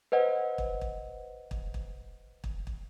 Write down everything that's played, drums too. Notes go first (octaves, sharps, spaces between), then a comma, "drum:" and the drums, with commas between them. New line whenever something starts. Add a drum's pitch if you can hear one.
B4 C5 D#5 F#5
drum: kick
drum: kick
drum: kick
drum: kick
drum: kick
drum: kick